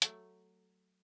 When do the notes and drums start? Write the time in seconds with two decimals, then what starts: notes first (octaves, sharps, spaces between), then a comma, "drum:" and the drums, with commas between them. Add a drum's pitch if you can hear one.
0.02 F#3 A3, drum: hi-hat